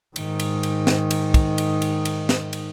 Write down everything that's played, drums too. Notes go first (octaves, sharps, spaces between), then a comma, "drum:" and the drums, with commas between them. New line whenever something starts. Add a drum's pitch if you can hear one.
G#2 D#3, drum: cymbal
drum: cymbal
drum: cymbal
drum: snare
drum: cymbal
drum: kick, cymbal
drum: cymbal
drum: cymbal
drum: cymbal
drum: snare
drum: cymbal